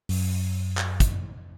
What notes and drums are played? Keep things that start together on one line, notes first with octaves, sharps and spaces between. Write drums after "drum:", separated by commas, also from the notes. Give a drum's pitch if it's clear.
F#2, drum: open hi-hat
drum: clap
drum: kick, hi-hat